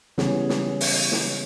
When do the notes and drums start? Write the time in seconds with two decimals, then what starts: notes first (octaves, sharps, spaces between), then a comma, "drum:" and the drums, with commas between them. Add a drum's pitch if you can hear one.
0.18 C#3 E3 G3 B3 C#4 G#4, drum: snare
0.49 drum: snare
0.81 drum: open hi-hat
1.12 drum: snare